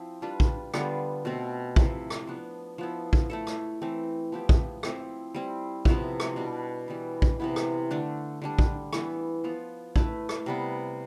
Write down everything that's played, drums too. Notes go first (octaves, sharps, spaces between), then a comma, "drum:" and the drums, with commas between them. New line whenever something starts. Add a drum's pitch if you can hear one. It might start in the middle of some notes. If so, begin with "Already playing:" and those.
Already playing: F3 C4 E4
G3 D4 F4 B4
drum: kick A#1
D3 G3 B3 F4, drum: rim click
B2 A3 C4
C3 F3 C4 E4, drum: kick A#1
drum: rim click
F3 B3 D4
F3 B3 E4
drum: kick A#1
A3 E4 A4
drum: rim click
E3 A3 C4
F3 B3 E4 G4
drum: kick A#1
F3 C4 E4, drum: rim click
G3 C4 E4
C3 F3 B3 E4, drum: kick A#1
drum: rim click
B2 G3 D4
E3 G3 B3
drum: kick A#1
C3 E3 B3 E4
drum: rim click
D3 A3 D4
D3 G3 D4
drum: kick A#1
E3 B3 E4, drum: rim click
F3 B3 F4
A3 E4 B4, drum: kick A#1
drum: rim click
C3 G3 B3